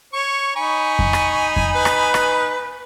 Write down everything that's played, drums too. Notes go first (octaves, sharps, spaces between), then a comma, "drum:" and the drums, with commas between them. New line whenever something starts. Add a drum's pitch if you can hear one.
C#5 C#6
D#4 G#5 B5 C#6
drum: kick F2
drum: rim click
drum: kick F2
B4
drum: rim click
drum: rim click